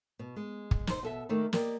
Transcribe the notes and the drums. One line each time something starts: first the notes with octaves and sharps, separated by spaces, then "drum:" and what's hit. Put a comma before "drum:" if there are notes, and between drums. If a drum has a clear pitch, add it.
B2
G#3
drum: kick
D#4 C5, drum: snare
B2 A4 E5
D#3 A3 A#3 D#4
A#3 G4 D5 D#5, drum: snare